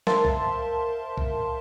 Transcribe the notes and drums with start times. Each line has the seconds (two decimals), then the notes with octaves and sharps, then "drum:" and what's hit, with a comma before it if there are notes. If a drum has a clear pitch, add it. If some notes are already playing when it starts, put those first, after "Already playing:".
0.07 A#4 C5 E5 F5 A5 C6, drum: snare
0.25 drum: kick C2
1.17 drum: kick C2